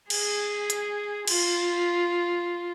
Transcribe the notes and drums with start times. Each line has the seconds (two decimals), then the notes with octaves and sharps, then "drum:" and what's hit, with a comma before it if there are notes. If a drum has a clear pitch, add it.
0.10 G#4, drum: cymbal
0.70 drum: hi-hat
1.28 F4, drum: cymbal